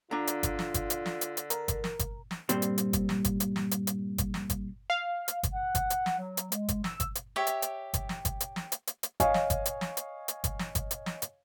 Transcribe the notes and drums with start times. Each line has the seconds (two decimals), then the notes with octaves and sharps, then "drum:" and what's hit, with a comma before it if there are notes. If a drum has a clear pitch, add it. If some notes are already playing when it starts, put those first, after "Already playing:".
0.11 D3 D4 F4 A#5
0.27 drum: hi-hat
0.43 drum: kick G1, hi-hat
0.59 drum: snare
0.74 drum: kick G1, hi-hat
0.90 drum: hi-hat
1.06 drum: snare
1.21 drum: hi-hat
1.37 drum: hi-hat
1.50 A#4, drum: hi-hat
1.68 drum: kick G1, hi-hat
1.84 drum: snare
1.99 drum: kick G1, hi-hat
2.31 drum: snare
2.49 G2 A#2 G3 C4 C5, drum: hi-hat
2.62 drum: hi-hat
2.78 drum: hi-hat
2.93 drum: kick G1, hi-hat
3.09 drum: snare
3.24 drum: kick G1, hi-hat
3.40 drum: hi-hat
3.56 drum: snare
3.71 drum: hi-hat
3.87 drum: hi-hat
4.18 drum: kick G1, hi-hat
4.34 drum: snare
4.50 drum: kick G1, hi-hat
4.90 F5
5.28 drum: hi-hat
5.43 drum: kick G1, hi-hat
5.53 F#5
5.75 drum: kick G1, hi-hat
5.90 drum: hi-hat
6.06 drum: snare
6.18 F#3
6.37 drum: hi-hat
6.52 G#3, drum: hi-hat
6.68 drum: kick G1, hi-hat
6.84 E6, drum: snare
7.00 drum: kick G1, hi-hat
7.15 drum: hi-hat
7.36 G4 C#5 E5
7.47 drum: hi-hat
7.62 drum: hi-hat
7.94 drum: kick G1, hi-hat
8.09 drum: snare
8.25 drum: kick G1, hi-hat
8.40 drum: hi-hat
8.56 drum: snare
8.72 drum: hi-hat
8.87 drum: hi-hat
9.03 drum: hi-hat
9.20 C#5 D#5 F5 G#5 C#6, drum: kick G1, hi-hat
9.34 drum: snare
9.50 drum: kick G1, hi-hat
9.66 drum: hi-hat
9.81 drum: snare
9.97 drum: hi-hat
10.28 drum: hi-hat
10.44 drum: kick G1, hi-hat
10.59 drum: snare
10.75 drum: kick G1, hi-hat
10.91 drum: hi-hat
11.06 drum: snare
11.22 drum: hi-hat